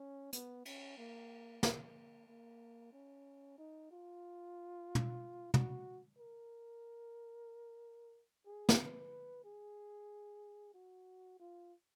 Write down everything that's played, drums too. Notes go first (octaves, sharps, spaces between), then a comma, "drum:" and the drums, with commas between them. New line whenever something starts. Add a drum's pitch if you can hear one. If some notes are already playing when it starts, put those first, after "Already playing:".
Already playing: C#4
B3, drum: hi-hat
C#4, drum: cymbal
A#3
A#3, drum: snare
A#3
C#4
D#4
F4
drum: tom
F#4, drum: tom
A#4
G#4
drum: snare
B4
G#4
F#4
F4